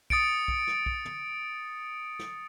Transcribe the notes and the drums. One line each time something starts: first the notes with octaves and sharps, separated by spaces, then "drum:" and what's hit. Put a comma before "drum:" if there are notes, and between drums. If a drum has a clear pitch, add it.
D#6 A6 C#7 D7, drum: kick
drum: kick
drum: snare
drum: kick
drum: tom
drum: snare